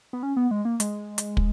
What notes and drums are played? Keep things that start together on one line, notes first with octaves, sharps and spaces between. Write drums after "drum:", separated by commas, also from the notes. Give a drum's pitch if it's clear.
B3
C#4
B3
G#3
A#3
G#3, drum: hi-hat
drum: hi-hat
drum: kick